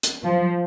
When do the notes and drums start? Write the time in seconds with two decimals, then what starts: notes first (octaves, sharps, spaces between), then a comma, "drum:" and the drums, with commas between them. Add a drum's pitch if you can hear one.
0.03 drum: hi-hat
0.24 F3